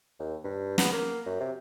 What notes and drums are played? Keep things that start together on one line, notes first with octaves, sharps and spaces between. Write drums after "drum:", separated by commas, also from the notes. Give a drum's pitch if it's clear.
D#2
G2
B3, drum: snare
A#3
F#2
C3